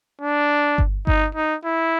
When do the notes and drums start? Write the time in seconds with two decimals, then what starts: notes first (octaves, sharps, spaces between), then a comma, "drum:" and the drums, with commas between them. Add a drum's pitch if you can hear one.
0.21 D4
0.78 drum: kick G1
1.07 D#4, drum: kick G1
1.35 D#4
1.64 E4